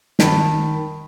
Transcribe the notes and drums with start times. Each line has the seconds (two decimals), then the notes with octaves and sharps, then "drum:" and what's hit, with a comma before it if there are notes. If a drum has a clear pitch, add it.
0.19 D#3 A5 B5, drum: snare